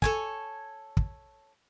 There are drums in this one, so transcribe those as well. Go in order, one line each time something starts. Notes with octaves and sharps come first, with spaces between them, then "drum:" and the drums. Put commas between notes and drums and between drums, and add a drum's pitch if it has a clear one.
A4 C#5 G#5, drum: kick
drum: kick